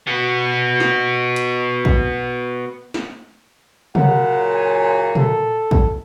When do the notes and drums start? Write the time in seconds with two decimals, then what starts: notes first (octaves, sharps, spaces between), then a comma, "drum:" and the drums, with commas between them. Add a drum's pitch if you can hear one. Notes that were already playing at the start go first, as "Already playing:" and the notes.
0.07 B3 F#4
0.80 drum: snare
1.36 drum: hi-hat
1.85 drum: kick
2.94 drum: snare
3.95 A#2 C#3 F#3 F#5, drum: tom C3
4.54 G#5
5.15 A4, drum: tom
5.71 drum: kick